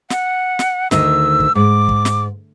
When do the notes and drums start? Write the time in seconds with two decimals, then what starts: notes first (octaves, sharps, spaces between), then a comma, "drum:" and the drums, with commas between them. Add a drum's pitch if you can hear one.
0.10 F#5, drum: snare
0.59 drum: snare
0.91 D2 D#3 D#5 E6, drum: snare
1.40 drum: kick
1.55 G#2 D6
1.89 drum: kick
2.05 drum: snare